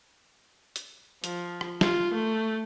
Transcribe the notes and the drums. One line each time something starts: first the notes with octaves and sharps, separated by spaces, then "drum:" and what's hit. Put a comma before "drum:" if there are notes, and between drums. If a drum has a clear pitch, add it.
drum: hi-hat
F3, drum: hi-hat
drum: rim click
F4, drum: snare
A3